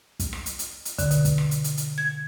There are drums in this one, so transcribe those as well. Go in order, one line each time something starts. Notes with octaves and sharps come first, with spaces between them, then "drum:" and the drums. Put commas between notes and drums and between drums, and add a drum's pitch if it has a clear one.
drum: kick, hi-hat
drum: rim click
drum: hi-hat
drum: hi-hat
drum: hi-hat
D3, drum: kick, hi-hat
B2, drum: hi-hat
drum: kick, hi-hat
drum: rim click
drum: hi-hat
drum: hi-hat
drum: hi-hat
G#6